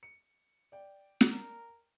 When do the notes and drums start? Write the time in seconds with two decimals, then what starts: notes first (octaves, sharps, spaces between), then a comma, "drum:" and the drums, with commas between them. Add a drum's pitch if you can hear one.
0.03 C#7
0.72 D5 G5
1.21 drum: snare
1.32 A#4